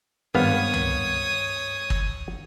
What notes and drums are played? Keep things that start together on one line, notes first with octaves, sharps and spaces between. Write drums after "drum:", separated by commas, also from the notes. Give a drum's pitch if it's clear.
G#1 G2 B3 C#5 F5 D#6
drum: tom
drum: kick